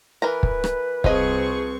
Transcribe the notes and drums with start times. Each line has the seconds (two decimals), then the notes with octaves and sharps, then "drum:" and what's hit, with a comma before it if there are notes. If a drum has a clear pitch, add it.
0.22 E3 A#4 B4 A#5
0.43 drum: kick
0.64 drum: rim click
1.04 C2 F3 C4 G#4 D#5 C#6, drum: kick